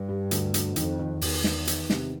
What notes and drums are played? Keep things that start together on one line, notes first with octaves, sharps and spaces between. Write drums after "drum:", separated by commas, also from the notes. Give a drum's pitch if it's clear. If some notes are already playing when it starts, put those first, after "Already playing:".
Already playing: G2
G3
D2, drum: hi-hat
D2, drum: hi-hat
F2 D#3, drum: hi-hat
D#3
E2 D#3, drum: open hi-hat
D#3, drum: snare
D#3, drum: hi-hat
C3, drum: snare